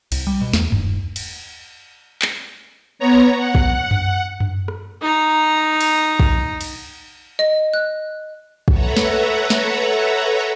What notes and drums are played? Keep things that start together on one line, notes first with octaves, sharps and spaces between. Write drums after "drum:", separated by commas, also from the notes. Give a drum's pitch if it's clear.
C2, drum: cymbal
G3
B2
E2, drum: snare
D#1, drum: tom F#2
drum: cymbal
drum: clap
B3 C#5 A#5
F#5
drum: kick
drum: tom F#2
drum: tom F#2
drum: rim click
D#4 A#5
drum: cymbal
drum: kick
drum: cymbal
D#5
F#6
A4 B4 C#5 E5 F#5 A#5, drum: kick
drum: snare
drum: snare